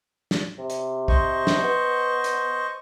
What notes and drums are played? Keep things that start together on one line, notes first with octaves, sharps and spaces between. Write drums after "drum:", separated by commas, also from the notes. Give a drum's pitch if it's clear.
drum: snare
C3
drum: hi-hat
C5 D#5 C#6, drum: kick
drum: snare
B3
drum: hi-hat